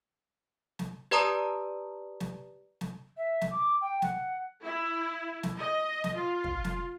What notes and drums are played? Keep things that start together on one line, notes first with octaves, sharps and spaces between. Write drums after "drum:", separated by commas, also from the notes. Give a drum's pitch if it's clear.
drum: snare
G4 B4 D5 A5 A#5 D#6
drum: snare
drum: snare
E5
drum: snare
D6
G5
F#5, drum: snare
E4
drum: snare
D#5
drum: snare
F4
drum: kick
drum: snare